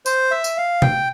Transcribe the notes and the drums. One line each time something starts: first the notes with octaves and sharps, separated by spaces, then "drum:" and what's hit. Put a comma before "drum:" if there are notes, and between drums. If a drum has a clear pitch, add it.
C5, drum: tambourine
E5
drum: tambourine
F5
G5, drum: tom B2